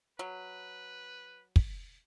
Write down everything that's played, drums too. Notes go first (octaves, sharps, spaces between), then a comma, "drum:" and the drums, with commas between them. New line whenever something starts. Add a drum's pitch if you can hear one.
F#3 B4
drum: kick